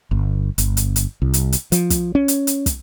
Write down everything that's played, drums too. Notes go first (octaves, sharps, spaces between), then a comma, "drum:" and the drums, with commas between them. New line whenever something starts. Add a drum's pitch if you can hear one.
G1
G1, drum: hi-hat
drum: hi-hat
drum: hi-hat
C2
drum: hi-hat
drum: hi-hat
F3, drum: hi-hat
drum: kick, hi-hat
C#4
drum: hi-hat
drum: hi-hat
drum: kick, hi-hat